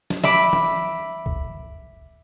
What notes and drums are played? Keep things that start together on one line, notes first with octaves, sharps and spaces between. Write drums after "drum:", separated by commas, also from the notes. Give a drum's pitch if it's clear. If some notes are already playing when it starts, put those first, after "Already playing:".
drum: snare
E5 B5 D6, drum: snare
drum: tom E3
drum: kick C2